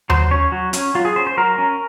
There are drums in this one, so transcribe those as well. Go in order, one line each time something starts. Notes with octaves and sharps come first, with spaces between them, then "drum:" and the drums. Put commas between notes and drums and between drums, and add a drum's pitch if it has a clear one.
F#3 C5, drum: tom D#2
C#4 C#5
F#3
C#4, drum: hi-hat
F#3 F4
G#4
C#4 C5
C5
F#3 A#4
C#4